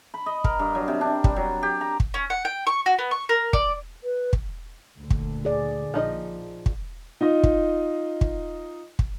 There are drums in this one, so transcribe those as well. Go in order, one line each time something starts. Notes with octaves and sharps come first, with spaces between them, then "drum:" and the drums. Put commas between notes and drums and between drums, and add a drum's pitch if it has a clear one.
B5
D#5
A#4, drum: kick
G2
F#3
C3
D4
G3, drum: kick
F#3
G4
A#5
drum: kick
C#4
F#5
G5
C#6
F#4
B3
C#6
A#4
D5, drum: kick
B4
drum: kick
D2 A#2 D3
drum: kick
G#4 D5
A#1 F3 D#4 D#5
drum: kick
D#4 F4 D#5
drum: kick
drum: kick
drum: kick